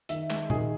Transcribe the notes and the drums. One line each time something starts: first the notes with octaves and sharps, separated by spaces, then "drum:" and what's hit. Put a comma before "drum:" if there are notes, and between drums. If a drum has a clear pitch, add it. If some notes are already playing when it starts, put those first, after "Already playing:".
D#3 E5, drum: hi-hat
G#3, drum: clap
D#3 G#4, drum: tom A#2